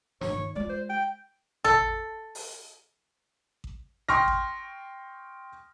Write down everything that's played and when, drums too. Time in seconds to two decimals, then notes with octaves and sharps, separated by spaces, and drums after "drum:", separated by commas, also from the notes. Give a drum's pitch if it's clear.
0.21 G2 C#5, drum: snare
0.33 D#3
0.56 G#3 F4 D5
0.69 C5
0.90 G5
1.64 A4, drum: tom
2.35 drum: open hi-hat
3.64 drum: kick A1
4.09 G5 C6 C#6 D#6 F6 A#6, drum: tom
4.28 drum: kick A1